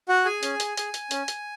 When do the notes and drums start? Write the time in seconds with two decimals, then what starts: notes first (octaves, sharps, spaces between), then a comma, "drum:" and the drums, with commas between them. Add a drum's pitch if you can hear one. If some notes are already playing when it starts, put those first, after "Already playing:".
0.09 F#4 F#5
0.25 G#4 G#5
0.43 C#4, drum: hi-hat
0.60 drum: hi-hat
0.77 G#4, drum: hi-hat
0.94 drum: hi-hat
1.11 C#4, drum: hi-hat
1.28 drum: hi-hat